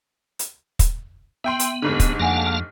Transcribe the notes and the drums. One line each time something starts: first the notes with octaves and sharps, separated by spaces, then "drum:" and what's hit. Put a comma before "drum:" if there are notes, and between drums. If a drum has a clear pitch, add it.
drum: hi-hat
drum: kick, hi-hat
B3 E5 G5 C6
drum: hi-hat
F1 G#2 D3
drum: kick, hi-hat
F2 A#3 F5 F#5 G#5 A5 A#6
F6